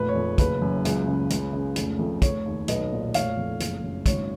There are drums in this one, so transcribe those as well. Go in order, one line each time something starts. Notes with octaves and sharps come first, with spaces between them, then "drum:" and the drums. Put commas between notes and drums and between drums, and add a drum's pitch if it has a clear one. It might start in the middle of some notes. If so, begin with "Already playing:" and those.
Already playing: F1 A#2 B4
C#5
F2
F#1 B4, drum: kick, hi-hat
F#2
C#2, drum: hi-hat
C#3
C#2, drum: hi-hat
C#3
F1, drum: hi-hat
F2
F1 C#5, drum: kick, hi-hat
D#2
B1 B4 D#5, drum: hi-hat
A#2
F1 C#5 F5, drum: hi-hat
F2
F#1, drum: hi-hat
F#2
G#1 C#5, drum: kick, hi-hat